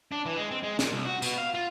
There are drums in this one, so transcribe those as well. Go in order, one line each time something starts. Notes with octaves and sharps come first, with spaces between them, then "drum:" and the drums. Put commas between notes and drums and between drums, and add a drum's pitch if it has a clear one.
D4
E3
G#3
C4
G#3
A#2, drum: snare
C2
F#4
B2, drum: tambourine
F5
F4